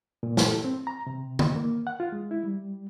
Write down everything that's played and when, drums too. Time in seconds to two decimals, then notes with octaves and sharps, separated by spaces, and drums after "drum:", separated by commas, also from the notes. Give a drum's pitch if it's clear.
0.23 A#2
0.37 drum: snare
0.47 A4
0.64 C4
0.87 A#5
1.07 C3
1.39 drum: tom
1.56 A#3
1.87 F#5
2.00 F4
2.12 G#3
2.31 E4
2.43 G3